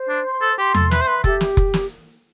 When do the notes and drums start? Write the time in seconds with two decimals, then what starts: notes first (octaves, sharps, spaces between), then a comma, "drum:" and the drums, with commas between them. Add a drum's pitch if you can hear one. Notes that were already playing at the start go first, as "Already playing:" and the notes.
Already playing: C5
0.09 D4
0.25 C6
0.41 A4
0.58 G4 C6
0.74 A4, drum: tom E2
0.91 B4 E5, drum: snare
1.01 C5
1.08 B4
1.24 G4 A4, drum: kick F1
1.41 drum: snare
1.57 drum: kick F1
1.74 drum: snare